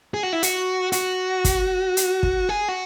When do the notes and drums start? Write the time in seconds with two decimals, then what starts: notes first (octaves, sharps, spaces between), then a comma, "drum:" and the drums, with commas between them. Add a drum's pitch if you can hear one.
0.14 G#4
0.23 F#4
0.33 E4
0.43 F#4, drum: hi-hat
0.92 F#4, drum: hi-hat
1.45 drum: kick, hi-hat
1.97 drum: hi-hat
2.23 drum: kick
2.49 G#4
2.69 F#4